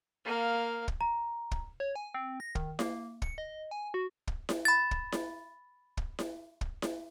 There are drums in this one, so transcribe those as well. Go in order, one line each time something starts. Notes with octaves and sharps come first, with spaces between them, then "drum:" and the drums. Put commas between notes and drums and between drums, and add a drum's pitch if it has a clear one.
A#3 F5
drum: kick
A#5
drum: kick
C#5
G#5
C4
A#6
D#3, drum: kick
A#3, drum: snare E4
C#7, drum: kick
D#5
G#5
F#4
drum: kick
drum: snare E4
B5 A6
drum: kick
drum: snare E4
drum: kick
drum: snare E4
drum: kick
drum: snare E4